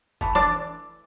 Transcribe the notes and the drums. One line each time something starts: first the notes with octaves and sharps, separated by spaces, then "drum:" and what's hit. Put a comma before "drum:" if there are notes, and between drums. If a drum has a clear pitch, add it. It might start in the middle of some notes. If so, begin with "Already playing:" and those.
E3 A3, drum: kick F#1
D4 D5, drum: tom E3